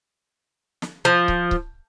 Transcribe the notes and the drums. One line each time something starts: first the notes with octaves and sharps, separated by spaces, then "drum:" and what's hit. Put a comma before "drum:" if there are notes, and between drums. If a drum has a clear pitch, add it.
drum: snare
F3
drum: kick C#1
drum: kick C#1